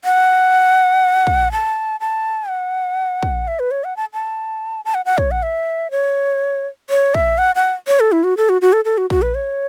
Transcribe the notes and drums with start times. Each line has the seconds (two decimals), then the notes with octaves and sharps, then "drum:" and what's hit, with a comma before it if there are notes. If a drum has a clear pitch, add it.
0.05 F#5
1.27 drum: kick
1.52 A5
2.00 A5
2.49 F#5
3.23 drum: kick
3.48 E5
3.59 B4
3.71 C#5
3.84 F#5
3.97 A5
4.14 A5
4.85 A5
4.94 F#5
5.06 F#5
5.18 C#5, drum: kick
5.31 F#5
5.43 E5
5.91 C#5
6.90 C#5
7.14 E5, drum: kick
7.38 F#5
7.56 F#5
7.87 C#5
8.00 A4
8.12 E4
8.24 F#4
8.37 A4
8.49 F#4
8.62 F#4
8.73 A4
8.85 A4
8.98 F#4
9.10 F#4, drum: kick
9.22 B4
9.35 C#5